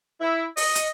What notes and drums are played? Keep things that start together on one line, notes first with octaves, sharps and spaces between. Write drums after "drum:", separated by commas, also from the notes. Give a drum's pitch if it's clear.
E4
D#5, drum: open hi-hat
drum: hi-hat